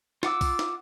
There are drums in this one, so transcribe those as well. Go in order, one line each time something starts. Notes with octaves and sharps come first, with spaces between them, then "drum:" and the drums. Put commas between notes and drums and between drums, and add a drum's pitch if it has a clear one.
F4 F#5 D6 E6, drum: snare
drum: kick, open hi-hat
drum: snare